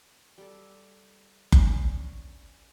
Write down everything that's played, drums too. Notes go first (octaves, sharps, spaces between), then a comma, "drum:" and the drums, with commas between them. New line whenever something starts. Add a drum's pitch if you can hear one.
G3 A4
C#4 D4, drum: kick F#1